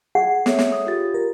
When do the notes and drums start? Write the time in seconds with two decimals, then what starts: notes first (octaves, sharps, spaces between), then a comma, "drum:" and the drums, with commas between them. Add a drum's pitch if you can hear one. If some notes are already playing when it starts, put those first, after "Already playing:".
0.15 G#4 F#5
0.46 A4 C#5 E5, drum: snare
0.59 drum: snare
0.72 D#6
0.87 F4 G4 A6
1.14 A#4